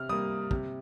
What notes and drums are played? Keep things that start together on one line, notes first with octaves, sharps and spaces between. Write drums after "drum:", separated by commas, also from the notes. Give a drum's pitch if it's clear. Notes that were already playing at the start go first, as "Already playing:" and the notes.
Already playing: C3 F6
G3 A#3 D#6
C3, drum: kick